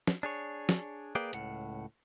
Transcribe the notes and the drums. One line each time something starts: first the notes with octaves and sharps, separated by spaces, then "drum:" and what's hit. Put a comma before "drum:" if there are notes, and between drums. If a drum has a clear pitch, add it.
drum: snare
D4 G#4 C#5
drum: snare
A#3 G#4 B4 D5 F5 G5
C#2 A2 F#5, drum: hi-hat